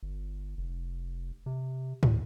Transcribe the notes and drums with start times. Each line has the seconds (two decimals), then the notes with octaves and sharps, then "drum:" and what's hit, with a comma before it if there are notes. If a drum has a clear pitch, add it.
0.03 G1
0.58 F1
1.46 C3
2.03 D2, drum: tom